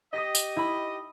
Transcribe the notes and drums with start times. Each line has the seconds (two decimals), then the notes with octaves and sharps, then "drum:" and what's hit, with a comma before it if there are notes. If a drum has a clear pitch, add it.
0.13 G4 D#5 D#6 A#6 B6
0.35 drum: tambourine
0.57 E4 B5 D#6